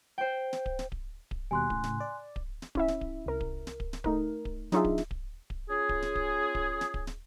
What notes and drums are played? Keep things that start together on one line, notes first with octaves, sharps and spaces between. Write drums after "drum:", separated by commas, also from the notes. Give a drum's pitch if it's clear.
C5 G5
drum: snare
drum: kick D1
drum: snare
drum: kick D1
drum: kick D1
D#2 B2 G3 G#5 C6 F#6
A2 C#3, drum: kick D1
drum: snare
D5
drum: kick D1
drum: snare
C#4 E4 E5, drum: kick D1
drum: snare
drum: kick D1
C2 A#4
drum: kick D1
drum: snare
drum: kick D1
drum: snare
A3 D#4 A#4, drum: kick D1
drum: kick D1
F#3 D4 D#4 F4 G#4 E5, drum: snare
drum: kick D1
drum: snare
drum: kick D1
drum: kick D1
C#4 F4 G#4
drum: kick D1
drum: snare
drum: kick D1
drum: kick D1
drum: snare
drum: kick D1
drum: snare